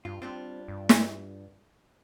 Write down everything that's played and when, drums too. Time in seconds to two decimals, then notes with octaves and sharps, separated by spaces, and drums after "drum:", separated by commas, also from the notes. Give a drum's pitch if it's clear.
0.05 G2 F4
0.22 G3 C4 D4 F4
0.68 G2
0.89 drum: snare